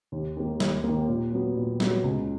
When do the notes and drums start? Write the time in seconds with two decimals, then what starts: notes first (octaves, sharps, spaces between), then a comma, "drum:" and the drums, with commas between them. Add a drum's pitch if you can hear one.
0.12 D#2
0.37 D#3 A#3
0.60 D#2, drum: snare
0.84 D#3 A#3
1.09 A#2
1.32 F#3 B3
1.57 A#2
1.80 F#3 B3, drum: snare
2.04 C#2